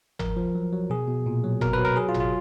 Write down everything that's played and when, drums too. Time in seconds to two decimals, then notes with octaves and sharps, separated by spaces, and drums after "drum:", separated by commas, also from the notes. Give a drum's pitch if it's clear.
0.19 F3 A#4, drum: tom G1
0.37 F3
0.55 F#3
0.72 F#3
0.90 B2 G#4
1.08 B2
1.26 A#2
1.44 F#3
1.61 B2 A#4, drum: tom G1
1.73 F#3 B4
1.85 A#4
1.96 F#3 G#4
2.09 F4
2.14 B2, drum: tom G1
2.20 F4